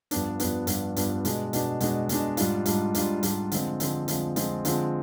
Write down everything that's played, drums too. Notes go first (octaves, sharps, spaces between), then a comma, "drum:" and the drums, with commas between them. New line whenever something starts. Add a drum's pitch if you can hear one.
G2 F3 B3 D4, drum: hi-hat
G2 F3 B3 D4, drum: hi-hat
G2 F3 B3 D4, drum: hi-hat
G2 F3 B3 D4, drum: hi-hat
B2 G#3 D4, drum: hi-hat
B2 G#3 D4, drum: hi-hat
B2 G#3 D4, drum: hi-hat
B2 G#3 D4, drum: hi-hat
G#2 G3 D4 F4, drum: hi-hat
G#2 G3 D4 F4, drum: hi-hat
G#2 G3 D4 F4, drum: hi-hat
G#2 G3 D4 F4, drum: hi-hat
D3 F3 G#3 C4 F4, drum: hi-hat
D3 F3 G#3 C4 F4, drum: hi-hat
D3 F3 G#3 C4 F4, drum: hi-hat
D3 F3 G#3 C4 F4, drum: hi-hat
D3 F3 G#3 C4 F4, drum: hi-hat